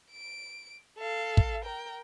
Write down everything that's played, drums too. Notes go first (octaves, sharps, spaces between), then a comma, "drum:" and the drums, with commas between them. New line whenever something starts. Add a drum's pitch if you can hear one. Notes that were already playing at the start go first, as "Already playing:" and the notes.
D7
A4 F5
drum: kick
A#4 G5